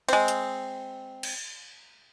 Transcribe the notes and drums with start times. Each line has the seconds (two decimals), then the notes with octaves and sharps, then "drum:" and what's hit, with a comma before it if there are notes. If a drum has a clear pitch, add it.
0.09 G#3 C4, drum: cymbal
0.28 drum: hi-hat
1.23 drum: cymbal